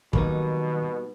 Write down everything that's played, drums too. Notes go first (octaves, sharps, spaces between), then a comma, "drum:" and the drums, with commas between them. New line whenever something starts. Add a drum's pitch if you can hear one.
B2 D#3 F#3 G3 A#3 D#4 F#4, drum: kick